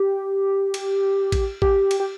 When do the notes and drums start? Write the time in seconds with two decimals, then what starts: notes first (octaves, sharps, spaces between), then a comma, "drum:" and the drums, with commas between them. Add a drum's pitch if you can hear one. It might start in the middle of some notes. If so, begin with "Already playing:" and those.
Already playing: G4
0.74 drum: cymbal
1.32 drum: kick A1, cymbal
1.62 G4, drum: kick A1
1.91 drum: cymbal
2.00 G4